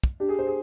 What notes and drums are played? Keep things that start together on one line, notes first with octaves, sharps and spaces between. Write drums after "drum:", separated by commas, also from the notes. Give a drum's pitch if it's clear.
drum: kick
D4 G4
G#4
C5
G#4